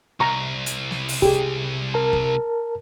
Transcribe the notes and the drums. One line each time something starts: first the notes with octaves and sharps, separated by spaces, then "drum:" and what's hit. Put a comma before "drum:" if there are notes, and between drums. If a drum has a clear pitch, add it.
C2 A#5 C#6
drum: hi-hat
drum: snare
drum: open hi-hat
G4 G#4, drum: kick
A#4 A5
drum: kick